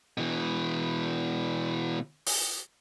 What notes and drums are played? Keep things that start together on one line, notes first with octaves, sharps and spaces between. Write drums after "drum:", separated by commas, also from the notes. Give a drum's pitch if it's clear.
B2 E3
drum: open hi-hat